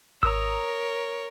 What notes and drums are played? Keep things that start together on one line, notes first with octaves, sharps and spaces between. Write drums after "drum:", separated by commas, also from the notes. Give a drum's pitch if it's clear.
A#4 C#5 A#5 D#6 E6, drum: kick G#1